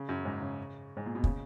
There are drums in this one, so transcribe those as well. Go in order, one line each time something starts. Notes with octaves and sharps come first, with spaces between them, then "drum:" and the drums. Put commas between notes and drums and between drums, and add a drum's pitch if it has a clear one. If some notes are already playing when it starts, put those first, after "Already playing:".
Already playing: C#3
F#2
G#2
C#3
G#2
A#2
B2
C#3, drum: kick